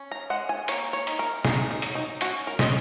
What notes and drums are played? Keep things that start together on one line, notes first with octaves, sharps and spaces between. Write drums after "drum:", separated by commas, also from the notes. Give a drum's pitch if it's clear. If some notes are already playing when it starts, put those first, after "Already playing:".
Already playing: C#4
A#5
G#3 F#5
G#5
A#3 C#5, drum: hi-hat
C#5
D#4, drum: hi-hat
A#4
D#4 G#4, drum: snare
D#4
F#3, drum: hi-hat
D#4
C#4 F#4, drum: hi-hat
A#4
G#3 D#5, drum: snare